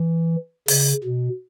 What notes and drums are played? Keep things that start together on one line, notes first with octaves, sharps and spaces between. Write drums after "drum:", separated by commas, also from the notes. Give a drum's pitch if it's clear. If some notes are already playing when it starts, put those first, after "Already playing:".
Already playing: E3
C#3, drum: open hi-hat
B2